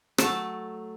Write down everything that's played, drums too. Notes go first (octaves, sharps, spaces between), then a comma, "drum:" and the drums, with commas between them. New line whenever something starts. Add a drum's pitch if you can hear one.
F#3 A3 A5, drum: rim click